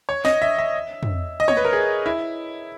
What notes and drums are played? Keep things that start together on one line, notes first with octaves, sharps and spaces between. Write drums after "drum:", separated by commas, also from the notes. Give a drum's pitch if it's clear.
C#5
D#5, drum: snare
E5
E5
drum: tom
D#5
C#5, drum: tom
B4
A#4
G#4
E4